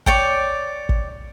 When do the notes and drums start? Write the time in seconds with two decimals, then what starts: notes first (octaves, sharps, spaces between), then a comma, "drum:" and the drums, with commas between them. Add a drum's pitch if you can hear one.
0.06 C#5 D5 G5, drum: kick
0.89 drum: kick